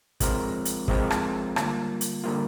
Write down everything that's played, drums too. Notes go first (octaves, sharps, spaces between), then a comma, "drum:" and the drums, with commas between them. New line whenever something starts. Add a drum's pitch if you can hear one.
F3 G#3 C4 F4 A#4, drum: kick, hi-hat
drum: hi-hat
F3 G#3 C4 F4 A#4, drum: kick
drum: rim click
D3 G3 A#3 F4, drum: rim click
drum: hi-hat
D3 G3 A#3 F4